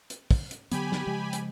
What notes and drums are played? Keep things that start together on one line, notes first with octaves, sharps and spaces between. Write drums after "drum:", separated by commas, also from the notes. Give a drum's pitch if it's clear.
drum: hi-hat
drum: kick, open hi-hat
drum: hi-hat
D3 F#3 B3 G4 G#5 B5, drum: hi-hat
drum: snare
C#3 F3 G#3
drum: hi-hat